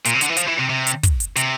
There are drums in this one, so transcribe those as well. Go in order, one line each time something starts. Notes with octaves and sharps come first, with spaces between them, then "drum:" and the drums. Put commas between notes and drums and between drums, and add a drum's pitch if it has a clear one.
A#2, drum: hi-hat
C3
D3, drum: hi-hat
E3
F3, drum: hi-hat
E3
C3
C3
drum: hi-hat
drum: kick, hi-hat
drum: hi-hat
C3, drum: hi-hat